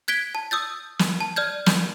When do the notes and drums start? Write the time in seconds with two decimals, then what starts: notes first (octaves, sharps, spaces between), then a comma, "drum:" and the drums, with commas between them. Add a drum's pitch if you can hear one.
0.08 F#6 G#6 B6 D7 G7
0.35 A5
0.51 D#6 E6 G6 A6
0.99 drum: snare
1.20 A5
1.36 D5 F6 G6 G#6
1.66 G6, drum: snare